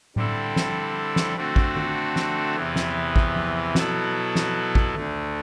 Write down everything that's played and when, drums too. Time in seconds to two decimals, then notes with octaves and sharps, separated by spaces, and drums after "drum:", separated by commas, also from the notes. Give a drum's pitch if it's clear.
0.16 D3 G3 C4 E4 A4, drum: tom A2
0.56 drum: snare
1.16 drum: snare
1.36 D3 A3 C4 F#4 A4
1.56 drum: kick A1
1.76 drum: tom D#3
2.16 drum: snare
2.56 E2 C3 E3 B3
2.76 drum: snare
3.16 drum: kick A1
3.36 drum: tom F3
3.75 B2 F#3 B3 E4 A4, drum: snare
4.35 drum: snare
4.75 drum: kick A1
4.96 D2 D3 A3, drum: tom D#3